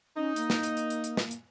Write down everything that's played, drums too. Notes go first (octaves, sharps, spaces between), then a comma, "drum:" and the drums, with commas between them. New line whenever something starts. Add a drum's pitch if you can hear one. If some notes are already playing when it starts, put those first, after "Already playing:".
C#4 D#4
A#3, drum: hi-hat
drum: snare
drum: hi-hat
drum: hi-hat
drum: hi-hat
drum: hi-hat
drum: snare
drum: hi-hat